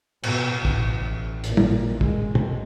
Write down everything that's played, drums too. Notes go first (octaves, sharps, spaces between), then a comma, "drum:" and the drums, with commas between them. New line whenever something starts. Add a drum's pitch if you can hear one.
B2, drum: cymbal
A1, drum: kick
A1 A#2, drum: hi-hat
drum: tom
G#3, drum: kick
drum: tom